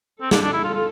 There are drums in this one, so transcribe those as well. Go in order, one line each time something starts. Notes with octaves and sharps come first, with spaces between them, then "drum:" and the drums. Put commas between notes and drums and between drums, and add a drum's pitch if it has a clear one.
C4 A4
D4, drum: snare
D4
E4
F4
F4